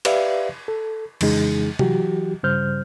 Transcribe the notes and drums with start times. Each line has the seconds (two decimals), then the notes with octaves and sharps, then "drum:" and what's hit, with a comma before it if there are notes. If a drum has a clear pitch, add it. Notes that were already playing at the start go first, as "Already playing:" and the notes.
0.05 G4 B4 D5 E5 F5, drum: cymbal
0.68 A4
1.21 F2 C#3 E3 G#3 D#4 G#4, drum: cymbal
1.79 E3 F#3 F#4 G4, drum: tom C3
2.44 G2 C#3 G3 C5 F6 G6